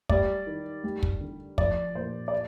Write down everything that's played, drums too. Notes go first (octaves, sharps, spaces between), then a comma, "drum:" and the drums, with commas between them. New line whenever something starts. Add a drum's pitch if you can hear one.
G3 D5, drum: kick
D#3
G3
drum: kick
D3
F3 D5, drum: kick
A#2 C5
D5